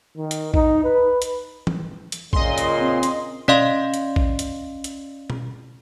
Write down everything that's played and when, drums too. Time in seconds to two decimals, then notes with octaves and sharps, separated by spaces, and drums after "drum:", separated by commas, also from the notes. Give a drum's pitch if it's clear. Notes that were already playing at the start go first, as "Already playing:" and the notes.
0.17 D#3
0.31 drum: hi-hat
0.54 D#4, drum: kick A#1
0.85 B4
1.22 drum: hi-hat
1.67 drum: tom E3
2.12 drum: hi-hat
2.33 A#2 C#3 C#4 D#5 C6, drum: kick A#1
2.58 drum: hi-hat
2.79 C4
3.03 drum: hi-hat
3.48 C#4 D5 D#5 F5 C6, drum: tom B2
3.94 drum: hi-hat
4.16 drum: kick A#1
4.39 drum: hi-hat
4.84 drum: hi-hat
5.30 drum: tom B2